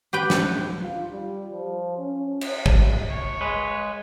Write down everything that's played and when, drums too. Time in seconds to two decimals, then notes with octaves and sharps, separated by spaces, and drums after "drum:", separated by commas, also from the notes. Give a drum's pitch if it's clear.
0.13 G4 B4 G5
0.30 drum: snare
0.81 F4
1.13 G3
1.53 F3
1.98 C#4
2.41 drum: cymbal
2.66 drum: kick
3.10 C#5
3.41 G#3 B4